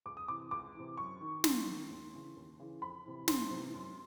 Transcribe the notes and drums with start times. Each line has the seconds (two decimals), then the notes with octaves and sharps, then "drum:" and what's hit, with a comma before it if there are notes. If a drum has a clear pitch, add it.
0.06 C#2 D6
0.17 D#6
0.28 C3 E3 D6
0.51 C#2 D6
0.75 C3 E3
0.97 F#2 C#6
1.21 D#3
1.44 F#2 C6, drum: snare
1.67 D#3
1.90 D#2
2.13 C#3 E3
2.37 D#2
2.60 C#3 E3
2.82 F2 B5
3.05 C3 E3
3.28 F2 C6, drum: snare
3.51 C3 E3
3.74 F#2